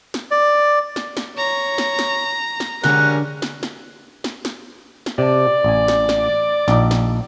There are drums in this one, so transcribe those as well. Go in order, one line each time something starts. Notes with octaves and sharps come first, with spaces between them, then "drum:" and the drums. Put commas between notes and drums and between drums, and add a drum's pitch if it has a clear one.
drum: snare
D5
drum: snare
drum: snare
C#5 A#5
drum: snare
drum: snare
drum: snare
D3 G3 G#3 C#4 D4 A#4 F#6, drum: snare
drum: snare
drum: snare
drum: snare
drum: snare
drum: snare
C3 D5 A5
A1 G#5
drum: snare
drum: snare
A#1 D#4, drum: snare
drum: snare